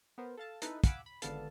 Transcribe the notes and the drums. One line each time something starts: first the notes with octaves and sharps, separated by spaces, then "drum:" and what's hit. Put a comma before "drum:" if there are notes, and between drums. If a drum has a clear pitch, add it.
B3 A#4 C5
A4 F5 A5
D#4 E4 A4 B4, drum: hi-hat
F5 F#5 G#5 B5 D6 E6, drum: kick, hi-hat
B5
G#1 D3 B3 A4 F5 A5, drum: hi-hat